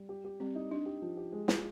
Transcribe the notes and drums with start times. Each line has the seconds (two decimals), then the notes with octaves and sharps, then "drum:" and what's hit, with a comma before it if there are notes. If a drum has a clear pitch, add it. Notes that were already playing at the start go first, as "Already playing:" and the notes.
Already playing: G3
0.09 G4
0.25 G4
0.40 G3 C4
0.55 D#4
0.71 D4 D#4
0.86 G4
1.02 F3
1.17 G4
1.32 G#3
1.48 F4, drum: snare